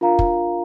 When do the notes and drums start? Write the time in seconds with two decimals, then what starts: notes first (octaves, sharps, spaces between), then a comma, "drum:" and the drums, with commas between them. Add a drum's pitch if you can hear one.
0.01 D4 F4 A#4 F5 A#5
0.19 drum: kick